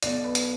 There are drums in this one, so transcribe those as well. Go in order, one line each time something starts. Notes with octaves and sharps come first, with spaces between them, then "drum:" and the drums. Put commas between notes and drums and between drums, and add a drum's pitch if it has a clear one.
B1 B2 D5, drum: hi-hat
B4
drum: hi-hat